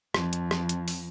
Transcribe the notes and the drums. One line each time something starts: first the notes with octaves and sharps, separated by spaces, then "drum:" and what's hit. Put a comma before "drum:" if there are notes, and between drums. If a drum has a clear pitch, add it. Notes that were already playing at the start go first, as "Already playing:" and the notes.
F2, drum: rim click
drum: hi-hat
drum: rim click
drum: hi-hat
drum: open hi-hat